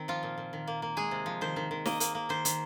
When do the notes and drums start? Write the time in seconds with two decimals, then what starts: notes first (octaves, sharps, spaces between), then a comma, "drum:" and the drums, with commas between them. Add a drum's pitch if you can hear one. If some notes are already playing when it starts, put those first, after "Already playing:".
Already playing: D#3 C4
0.08 F3 F4
0.23 A#2
0.38 A#2
0.53 D#3
0.67 A#3
0.82 A#3
0.97 G#3 G#4
1.11 C3
1.26 F3
1.41 D#3 C5
1.56 D#3
1.71 D#3
1.86 A#3 D#5, drum: snare
2.00 A#3, drum: hi-hat
2.15 A#3
2.29 D#3 C5
2.45 D#3, drum: hi-hat